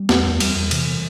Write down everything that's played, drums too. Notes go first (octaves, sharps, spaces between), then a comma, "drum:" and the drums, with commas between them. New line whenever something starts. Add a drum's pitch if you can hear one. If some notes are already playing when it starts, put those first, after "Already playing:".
Already playing: G3
E2, drum: snare
E2
E2 G3, drum: cymbal
E2
C3 E3, drum: cymbal